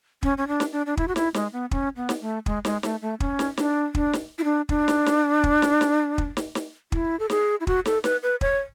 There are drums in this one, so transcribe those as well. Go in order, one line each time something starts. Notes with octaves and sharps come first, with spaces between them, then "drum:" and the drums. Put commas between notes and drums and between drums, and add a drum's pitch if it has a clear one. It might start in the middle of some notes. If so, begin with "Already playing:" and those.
C#4, drum: kick
C#4
D4
drum: snare
D4
D4
E4, drum: kick
F#4
E4, drum: snare
G#3, drum: snare
B3
C#4, drum: kick
B3
drum: snare
A3
G#3, drum: kick
G#3, drum: snare
A3, drum: snare
A3
C#4, drum: kick
drum: snare
D4, drum: snare
D4, drum: kick
drum: snare
E4
D4
D4, drum: kick
drum: snare
drum: snare
drum: kick
drum: snare
drum: snare
drum: kick
drum: snare
drum: snare
E4, drum: kick
A4
G#4, drum: snare
E4
F#4, drum: kick
A4, drum: snare
B4, drum: snare
B4
C#5, drum: kick